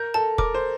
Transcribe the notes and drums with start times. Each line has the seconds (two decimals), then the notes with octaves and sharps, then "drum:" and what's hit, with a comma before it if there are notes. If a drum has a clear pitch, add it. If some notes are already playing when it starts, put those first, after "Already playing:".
Already playing: A#4 G6
0.14 A4 A5
0.38 A#4 D6, drum: kick
0.54 C5